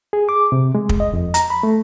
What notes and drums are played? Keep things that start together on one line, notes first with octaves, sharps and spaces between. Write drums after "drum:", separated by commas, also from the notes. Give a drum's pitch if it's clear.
G#4
D6
C3
G#3
drum: kick
D#5
F2
A#5, drum: hi-hat
B5
A3